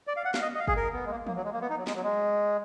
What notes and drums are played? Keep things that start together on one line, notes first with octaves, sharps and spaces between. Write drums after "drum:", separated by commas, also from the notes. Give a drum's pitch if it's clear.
D5
F5
F#5
F5, drum: snare
D#5
D#5
F5
G#4, drum: kick G1
A#4
B3
G#3
A#3
A#3, drum: tom E3
F#3
G#3
A#3
B3
D#4
F#3
G#3, drum: snare
F#3
G#3